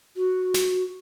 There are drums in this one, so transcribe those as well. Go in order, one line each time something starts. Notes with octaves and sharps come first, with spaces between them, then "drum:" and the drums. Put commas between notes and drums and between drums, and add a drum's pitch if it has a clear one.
F#4
drum: snare